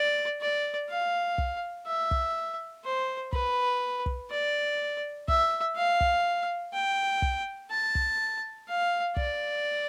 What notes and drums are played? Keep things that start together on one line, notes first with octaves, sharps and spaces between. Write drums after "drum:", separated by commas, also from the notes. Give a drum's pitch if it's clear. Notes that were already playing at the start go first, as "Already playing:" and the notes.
Already playing: D5
D5
F5
drum: kick
E5
drum: kick
C5
B4, drum: kick
drum: kick
D5
E5, drum: kick
F5
drum: kick
G5
drum: kick
A5
drum: kick
F5
D5, drum: kick